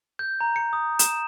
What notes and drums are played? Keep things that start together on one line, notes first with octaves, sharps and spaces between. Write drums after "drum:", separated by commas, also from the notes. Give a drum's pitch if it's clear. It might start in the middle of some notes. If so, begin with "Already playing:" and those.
G6
A#5
C#7
D#6
E7, drum: hi-hat